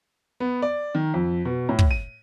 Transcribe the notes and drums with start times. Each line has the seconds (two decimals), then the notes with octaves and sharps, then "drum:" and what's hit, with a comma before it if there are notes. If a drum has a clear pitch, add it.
0.40 B3
0.62 D5
0.95 D#3
1.14 F2
1.45 B2
1.69 A2
1.79 drum: kick
1.91 D#7